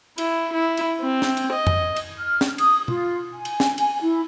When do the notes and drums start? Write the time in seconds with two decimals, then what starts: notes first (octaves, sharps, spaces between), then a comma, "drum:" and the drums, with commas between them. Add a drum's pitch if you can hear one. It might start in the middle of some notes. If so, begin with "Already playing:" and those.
0.18 E4, drum: cymbal
0.53 E4
0.77 drum: cymbal
1.02 C4
1.22 drum: snare
1.37 drum: cymbal
1.52 D#5
1.67 drum: tom F2
1.96 drum: cymbal
2.17 F6
2.41 drum: snare
2.58 D#6, drum: cymbal
2.88 F4, drum: tom B2
3.32 G#5
3.45 drum: cymbal
3.60 drum: snare
3.78 G#5, drum: cymbal
4.00 E4